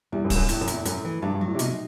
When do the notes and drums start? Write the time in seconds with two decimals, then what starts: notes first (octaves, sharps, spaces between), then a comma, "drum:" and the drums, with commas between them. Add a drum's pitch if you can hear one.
0.12 E2 G3
0.25 F#2
0.30 B2, drum: kick, open hi-hat
0.36 F#2
0.49 E2 A2, drum: hi-hat
0.61 F#2
0.67 E4, drum: hi-hat
0.73 E2
0.85 F#2 A3, drum: hi-hat
1.05 E3
1.22 G2 F#3
1.35 G2
1.41 F#3
1.48 A2
1.55 C3
1.59 B2 D#4, drum: hi-hat